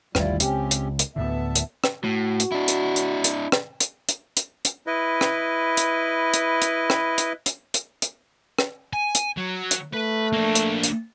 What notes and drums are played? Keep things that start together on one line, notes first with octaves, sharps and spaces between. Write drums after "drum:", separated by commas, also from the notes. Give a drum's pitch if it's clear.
G1 D#2 G3 A3 E4 F4, drum: rim click
C#2 C4 C#4 G4, drum: hi-hat
drum: hi-hat
drum: hi-hat
D2 A2 D3 B3 E5 A5
drum: hi-hat
drum: rim click
A2 F#4
drum: hi-hat
D4 E4
drum: hi-hat
drum: hi-hat
drum: hi-hat
drum: rim click
drum: hi-hat
drum: hi-hat
drum: hi-hat
drum: hi-hat
E4 B4 D#5
drum: rim click
drum: hi-hat
drum: hi-hat
drum: hi-hat
drum: rim click
drum: hi-hat
drum: hi-hat
drum: hi-hat
drum: hi-hat
drum: rim click
G#5
drum: hi-hat
F#3
drum: hi-hat
A3 B4
A#3 D4
drum: hi-hat
drum: hi-hat